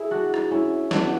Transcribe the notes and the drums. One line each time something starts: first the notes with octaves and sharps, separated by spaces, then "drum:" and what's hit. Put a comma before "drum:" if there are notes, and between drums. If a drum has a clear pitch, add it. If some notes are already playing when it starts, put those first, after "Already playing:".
Already playing: E4 G#4
D4 F#4
drum: rim click
C#4 E4
B3 D4, drum: snare